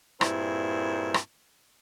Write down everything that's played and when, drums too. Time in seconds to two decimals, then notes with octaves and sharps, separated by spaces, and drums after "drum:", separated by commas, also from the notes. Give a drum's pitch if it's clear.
0.21 G2 A#2 C4 E4 G#4 A#4, drum: rim click
1.14 drum: rim click